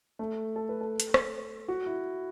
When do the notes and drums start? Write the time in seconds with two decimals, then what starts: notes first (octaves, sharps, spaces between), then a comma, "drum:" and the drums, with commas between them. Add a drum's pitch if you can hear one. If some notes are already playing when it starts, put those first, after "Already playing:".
0.19 A3
0.56 A4
0.69 B4
0.81 A4
1.00 drum: hi-hat
1.14 drum: rim click
1.68 F#4
1.86 E4